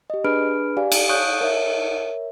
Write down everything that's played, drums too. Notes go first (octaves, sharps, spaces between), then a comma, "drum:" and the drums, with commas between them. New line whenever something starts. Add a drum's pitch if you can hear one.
G4 D#5
D4 G#4 B4 B5 F6 D7
G4 D5 F5 G#5
drum: cymbal
C#5 F5 C#6 D#6 F#6 G6
A#4 C#5 E5